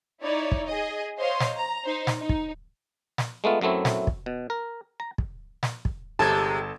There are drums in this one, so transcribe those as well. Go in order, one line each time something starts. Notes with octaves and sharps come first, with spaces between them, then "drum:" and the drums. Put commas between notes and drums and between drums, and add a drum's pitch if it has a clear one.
D#4 E4 C#5 D5
drum: kick
G#4 D#5
C5 C#5 D#5 F5 C6
drum: snare
A#5
D#4 C5
drum: snare
D#4
drum: kick
drum: snare
G#3 A3 B3 F4
F#2 F#3 A3 C4 E4
drum: snare
drum: kick
B2
A#4
A#5
drum: kick
drum: snare
drum: kick
G1 C3 G#3 A4 A5 G#6